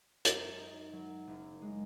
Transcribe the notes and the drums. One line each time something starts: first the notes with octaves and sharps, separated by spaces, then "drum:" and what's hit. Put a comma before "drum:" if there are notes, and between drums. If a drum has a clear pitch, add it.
F#2, drum: hi-hat
D#4
F#3
F#1
G#3